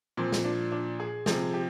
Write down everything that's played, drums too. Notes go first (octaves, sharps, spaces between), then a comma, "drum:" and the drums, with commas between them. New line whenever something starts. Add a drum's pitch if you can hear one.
A#2 F3 C4
drum: snare
D4
D4
G#4
C3 F3 G#4, drum: snare
G4